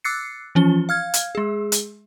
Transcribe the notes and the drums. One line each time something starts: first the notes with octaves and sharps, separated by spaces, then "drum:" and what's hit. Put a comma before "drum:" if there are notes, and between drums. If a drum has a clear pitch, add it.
D6 E6 F#6 A6 C7 C#7
E3 F3 C#4 F4 G7
F5 F6 G#6
drum: hi-hat
G#3 G#4
drum: hi-hat